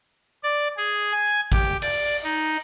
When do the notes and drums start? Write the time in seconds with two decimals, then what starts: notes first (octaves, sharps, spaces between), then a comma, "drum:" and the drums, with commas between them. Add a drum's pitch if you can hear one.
0.44 D5
0.77 G#4
1.12 G#5
1.52 G4, drum: kick
1.82 D5, drum: cymbal
2.23 D#4